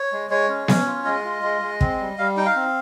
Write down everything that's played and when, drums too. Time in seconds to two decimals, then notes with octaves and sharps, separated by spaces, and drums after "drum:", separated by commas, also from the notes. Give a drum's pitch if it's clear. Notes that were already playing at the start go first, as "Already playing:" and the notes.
Already playing: C#5
0.12 G#3
0.30 G#3 C#5
0.49 C#4
0.68 C#4, drum: snare B3
0.86 F4
1.05 G#3 D#5
1.24 F4
1.43 G#3
1.62 G#3
1.81 C4, drum: kick
2.00 G3
2.18 G3 F5
2.37 D#4 G5
2.46 F5
2.55 C4